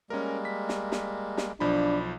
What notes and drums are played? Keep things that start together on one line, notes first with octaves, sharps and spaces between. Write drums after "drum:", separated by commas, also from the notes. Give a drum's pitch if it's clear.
G3 G#3 A#3 C#4 A#4
B6
drum: snare
drum: snare
drum: snare
B1 F3 D4 B5